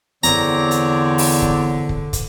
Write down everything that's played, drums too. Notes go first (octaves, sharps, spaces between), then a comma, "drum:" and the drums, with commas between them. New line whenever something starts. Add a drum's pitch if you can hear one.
E2 D3 C4 C#5 D5 A#5, drum: hi-hat
drum: hi-hat
drum: open hi-hat
drum: kick
drum: kick
drum: kick, hi-hat